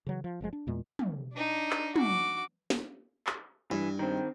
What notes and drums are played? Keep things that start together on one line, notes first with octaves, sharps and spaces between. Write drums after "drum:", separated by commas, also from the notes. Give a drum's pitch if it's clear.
C#3 E3 F#3
F3
F#1 F3 G#3
D4
E2 A#2 G#3
drum: tom
D4 D#4
drum: clap
F#4 D6, drum: tom
drum: snare
drum: clap
G2 E3
D#3 C4